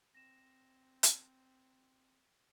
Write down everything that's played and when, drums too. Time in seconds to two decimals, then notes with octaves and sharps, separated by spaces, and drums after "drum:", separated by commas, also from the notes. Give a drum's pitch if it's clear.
0.15 C4 A#6 E7
1.03 drum: hi-hat